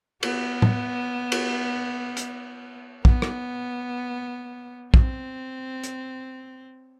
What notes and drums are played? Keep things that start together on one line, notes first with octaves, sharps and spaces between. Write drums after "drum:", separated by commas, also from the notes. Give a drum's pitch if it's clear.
B3, drum: cymbal
drum: tom
drum: cymbal
drum: hi-hat
B3, drum: kick
drum: rim click
C4, drum: kick
drum: hi-hat